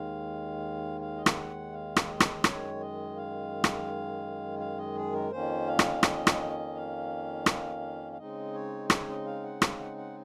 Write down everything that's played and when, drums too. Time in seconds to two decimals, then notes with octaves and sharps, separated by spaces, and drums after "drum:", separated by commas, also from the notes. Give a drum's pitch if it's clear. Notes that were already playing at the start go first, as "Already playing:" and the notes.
Already playing: D#2 D#3 G#3 F5
1.01 F5
1.16 D#5
1.26 F5, drum: rim click
1.37 F#5
1.72 F5
1.96 drum: rim click
2.09 D#5
2.20 drum: rim click
2.44 F#2 D#3 G#3 C#5, drum: rim click
2.80 D#5
3.16 F5
3.64 drum: rim click
4.59 F5
4.78 D#5
4.95 G#4
5.13 A#4
5.31 F2 D#3 A#3 C#4 C5
5.67 F5
5.79 drum: rim click
6.03 D#5, drum: rim click
6.27 drum: rim click
6.75 F5
7.46 drum: rim click
8.13 F5
8.18 C#3 G#3 C4 D#4 D#5
8.54 C#5
8.90 C#5, drum: rim click
9.07 D#5
9.25 F5
9.44 F#5
9.62 F5, drum: rim click
9.79 F#5
9.97 F#5